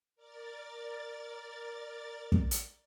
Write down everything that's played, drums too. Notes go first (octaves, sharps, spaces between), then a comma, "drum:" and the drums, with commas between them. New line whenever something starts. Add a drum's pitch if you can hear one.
A#4 D5 A6
drum: kick
drum: hi-hat